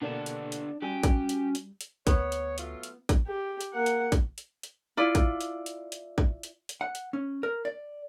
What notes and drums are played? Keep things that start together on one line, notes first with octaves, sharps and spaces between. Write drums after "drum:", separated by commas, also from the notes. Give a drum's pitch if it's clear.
B2 D3 A#3 B3 D4 A4 D5 A5
drum: hi-hat
drum: hi-hat
G3 C#4 F#4 G4 G#5
drum: kick, hi-hat
drum: hi-hat
drum: hi-hat
drum: hi-hat
D2 B3 C#5, drum: kick, hi-hat
drum: hi-hat
F#3 A3 F4, drum: hi-hat
drum: hi-hat
drum: kick, hi-hat
G4
drum: hi-hat
A#3 F#5
drum: hi-hat
drum: kick, hi-hat
drum: hi-hat
drum: hi-hat
E4 F4 D5
drum: kick, hi-hat
drum: hi-hat
drum: hi-hat
drum: hi-hat
drum: kick
drum: hi-hat
drum: hi-hat
F#5
drum: hi-hat
C#4
A#4
D5